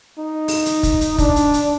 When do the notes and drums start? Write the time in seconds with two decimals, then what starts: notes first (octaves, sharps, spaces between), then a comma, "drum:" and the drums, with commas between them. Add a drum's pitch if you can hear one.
0.19 D#4
0.48 drum: open hi-hat
0.66 drum: hi-hat
0.83 drum: kick, hi-hat
1.01 drum: hi-hat
1.18 D4, drum: kick, hi-hat
1.36 drum: hi-hat
1.53 drum: hi-hat